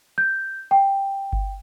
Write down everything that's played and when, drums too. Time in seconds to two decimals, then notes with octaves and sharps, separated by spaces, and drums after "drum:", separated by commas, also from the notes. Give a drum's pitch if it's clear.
0.18 G6
0.71 G5
1.33 drum: kick G1